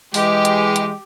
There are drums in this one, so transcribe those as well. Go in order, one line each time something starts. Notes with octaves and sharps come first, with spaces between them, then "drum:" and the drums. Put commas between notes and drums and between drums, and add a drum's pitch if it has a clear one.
E3 G#3 G4, drum: open hi-hat
drum: hi-hat
drum: hi-hat